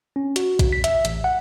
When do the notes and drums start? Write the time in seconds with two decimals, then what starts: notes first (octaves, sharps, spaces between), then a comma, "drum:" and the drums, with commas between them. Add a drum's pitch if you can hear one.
0.16 C#4
0.36 F#4, drum: hi-hat
0.59 drum: kick A#1, hi-hat
0.72 B6
0.84 E5, drum: hi-hat
1.05 A1, drum: hi-hat
1.24 F#5